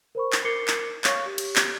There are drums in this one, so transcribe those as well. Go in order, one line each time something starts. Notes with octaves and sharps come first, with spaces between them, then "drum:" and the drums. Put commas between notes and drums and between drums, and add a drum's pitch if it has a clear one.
A#4 C5 B5 C#6
drum: clap
A#4 D6 C7 C#7 G7
drum: clap
C#5 F5 C#6, drum: clap
G4
drum: cymbal
drum: clap